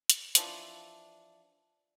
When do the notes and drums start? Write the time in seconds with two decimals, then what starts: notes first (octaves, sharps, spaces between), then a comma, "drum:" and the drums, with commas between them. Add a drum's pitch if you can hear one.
0.10 drum: hi-hat
0.35 E3 F3 D4, drum: hi-hat